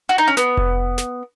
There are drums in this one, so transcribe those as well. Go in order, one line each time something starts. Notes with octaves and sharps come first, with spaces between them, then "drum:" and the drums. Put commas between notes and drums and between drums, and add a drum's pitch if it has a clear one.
F#4
D#4
C#4
B3, drum: snare
drum: kick F1
drum: snare